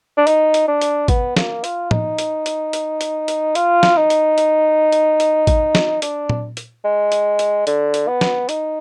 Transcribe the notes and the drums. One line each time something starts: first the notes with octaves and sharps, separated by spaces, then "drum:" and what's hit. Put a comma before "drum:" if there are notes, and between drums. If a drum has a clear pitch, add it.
D4
D#4, drum: hi-hat
drum: hi-hat
D4
drum: hi-hat
B3, drum: kick G#1, hi-hat
A#3, drum: snare
F4, drum: hi-hat
D#4, drum: tom
drum: hi-hat
drum: hi-hat
drum: hi-hat
drum: hi-hat
drum: hi-hat
F4, drum: hi-hat
drum: snare
D#4
drum: hi-hat
drum: hi-hat
drum: hi-hat
drum: hi-hat
drum: kick G#1, hi-hat
drum: snare
D4, drum: hi-hat
drum: tom A#2
drum: hi-hat
G#3
drum: hi-hat
drum: hi-hat
D3, drum: hi-hat
drum: hi-hat
B3
drum: snare
D#4, drum: hi-hat